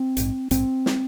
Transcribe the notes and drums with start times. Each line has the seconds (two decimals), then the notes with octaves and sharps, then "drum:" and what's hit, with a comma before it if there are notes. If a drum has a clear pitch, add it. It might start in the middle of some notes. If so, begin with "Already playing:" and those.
Already playing: C4
0.17 A#1 G#2, drum: hi-hat
0.51 A#1 G#2 C4, drum: hi-hat
0.86 drum: snare